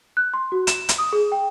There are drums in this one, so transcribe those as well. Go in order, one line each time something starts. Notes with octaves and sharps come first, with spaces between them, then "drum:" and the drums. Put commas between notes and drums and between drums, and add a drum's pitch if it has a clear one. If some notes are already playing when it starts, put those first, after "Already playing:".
F#6
C6
F#4
E7, drum: hi-hat
drum: hi-hat
D#6
G#4
G5